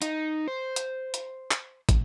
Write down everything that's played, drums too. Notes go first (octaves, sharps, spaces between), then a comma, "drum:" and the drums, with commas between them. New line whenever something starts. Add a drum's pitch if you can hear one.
D#4, drum: hi-hat
C5
drum: hi-hat
drum: hi-hat
drum: clap
drum: kick, hi-hat